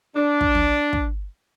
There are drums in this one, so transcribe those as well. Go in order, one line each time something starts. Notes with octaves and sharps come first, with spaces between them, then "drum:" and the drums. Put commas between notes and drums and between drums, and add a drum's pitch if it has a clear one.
D4
drum: kick
drum: tom
drum: kick